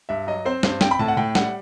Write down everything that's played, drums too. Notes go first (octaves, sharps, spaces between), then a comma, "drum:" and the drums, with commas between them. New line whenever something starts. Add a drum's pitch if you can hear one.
G2 E5
F#3 D#5
C4 C5
G2 C5, drum: snare
C4 G5, drum: snare
B5
A2 A5
F#5
A2 G5
G3 F#5, drum: snare